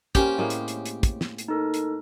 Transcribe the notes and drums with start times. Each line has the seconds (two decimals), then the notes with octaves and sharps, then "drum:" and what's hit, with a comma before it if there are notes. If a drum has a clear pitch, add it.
0.15 A#3 C4 C#4 G4, drum: kick, hi-hat
0.38 A2 G#3 A#3
0.50 drum: hi-hat
0.68 drum: hi-hat
0.86 drum: hi-hat
1.03 drum: kick, hi-hat
1.21 drum: snare
1.38 drum: hi-hat
1.48 D#4 A4 A#4
1.74 drum: hi-hat